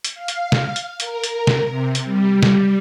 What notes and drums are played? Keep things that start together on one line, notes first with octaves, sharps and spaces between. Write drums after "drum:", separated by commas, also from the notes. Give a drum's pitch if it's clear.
drum: hi-hat
F5
drum: hi-hat
drum: snare
drum: hi-hat
A#4, drum: hi-hat
drum: hi-hat
drum: snare
C3
drum: hi-hat
G3
drum: snare